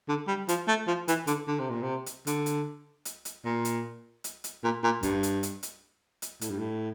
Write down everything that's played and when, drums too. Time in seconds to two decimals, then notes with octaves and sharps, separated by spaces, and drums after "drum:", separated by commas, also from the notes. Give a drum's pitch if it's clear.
0.09 D3
0.28 G3
0.49 F3, drum: hi-hat
0.68 A3
0.87 F3
1.08 E3, drum: hi-hat
1.27 D3, drum: hi-hat
1.48 D3
1.59 C3
1.70 A#2
1.82 C3
2.06 drum: hi-hat
2.27 D3, drum: hi-hat
2.46 drum: hi-hat
3.05 drum: hi-hat
3.25 drum: hi-hat
3.45 A#2
3.65 drum: hi-hat
4.24 drum: hi-hat
4.44 drum: hi-hat
4.64 A#2
4.84 A#2
5.03 G2, drum: kick, hi-hat
5.23 drum: hi-hat
5.43 drum: hi-hat
5.63 drum: hi-hat
6.22 drum: hi-hat
6.41 A2, drum: hi-hat
6.50 G2
6.59 A2